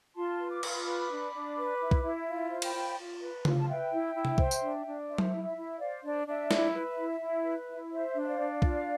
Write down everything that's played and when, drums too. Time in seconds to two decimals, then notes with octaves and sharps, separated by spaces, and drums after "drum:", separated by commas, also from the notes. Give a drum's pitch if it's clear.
0.15 F4 A5 C6
0.39 B4
0.50 D6
0.63 F4, drum: cymbal
0.73 B5 D6
0.86 B4
1.10 D4
1.33 D4
1.56 B4
1.80 E4
1.91 drum: kick B1
2.03 E4
2.27 F4
2.50 C5
2.62 G5 B5, drum: cymbal
2.74 F4
2.98 F4
3.20 B4
3.45 F4, drum: tom C#3
3.59 A5
3.68 B4 E5 G5
3.92 E4
4.15 E4
4.25 drum: tom C3
4.38 C5, drum: kick B1
4.51 drum: tambourine
4.62 D4
4.85 D4
5.08 C5 E5
5.18 drum: tom F#3
5.33 E4
5.44 E5
5.56 E4
5.79 C5 D5 F5
6.03 D4 D5
6.26 D4 E5
6.51 E4, drum: snare
6.73 B4
6.98 E4
7.20 E4
7.44 B4
7.68 E4
7.91 C5 E5
8.14 D4
8.22 E5
8.26 D5 F5
8.38 D4
8.62 F4, drum: kick B1